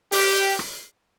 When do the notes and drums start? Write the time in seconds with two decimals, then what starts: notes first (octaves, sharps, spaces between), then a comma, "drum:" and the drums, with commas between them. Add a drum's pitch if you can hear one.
0.12 G4, drum: open hi-hat
0.59 drum: rim click